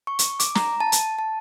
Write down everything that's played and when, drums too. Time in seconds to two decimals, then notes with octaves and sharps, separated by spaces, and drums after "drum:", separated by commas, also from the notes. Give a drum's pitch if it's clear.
0.07 C#6
0.19 drum: hi-hat
0.40 D6, drum: hi-hat
0.55 A#5, drum: snare
0.80 A5
0.92 drum: hi-hat
1.19 A5